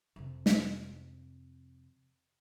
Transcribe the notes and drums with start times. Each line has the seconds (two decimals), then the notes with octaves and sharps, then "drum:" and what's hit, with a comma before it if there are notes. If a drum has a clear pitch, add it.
0.16 F2 C3
0.46 drum: snare